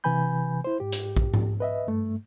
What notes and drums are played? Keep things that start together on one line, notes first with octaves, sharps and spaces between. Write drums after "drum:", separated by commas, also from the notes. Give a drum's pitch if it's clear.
C3 E3 B4 G#5 B5 G6
E4 C5
G#2 G4
drum: hi-hat
drum: kick A#1
drum: tom G#2
B4 D#5 E5
G2 A3